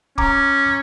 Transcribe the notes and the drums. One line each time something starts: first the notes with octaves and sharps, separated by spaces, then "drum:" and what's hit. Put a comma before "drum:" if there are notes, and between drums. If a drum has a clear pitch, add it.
C#4 A#5 D6, drum: kick